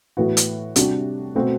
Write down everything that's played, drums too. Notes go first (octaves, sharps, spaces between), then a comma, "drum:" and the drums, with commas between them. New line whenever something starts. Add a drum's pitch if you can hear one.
A2 E3 B3 F#4
drum: hi-hat
C3 G3 D4 F#4, drum: hi-hat
B2 A3 C4 F#4